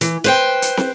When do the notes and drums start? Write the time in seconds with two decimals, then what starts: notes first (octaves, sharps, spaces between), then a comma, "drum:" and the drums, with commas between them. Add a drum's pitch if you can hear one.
0.01 E3, drum: hi-hat
0.24 B4 C5 G5
0.62 drum: hi-hat
0.77 drum: snare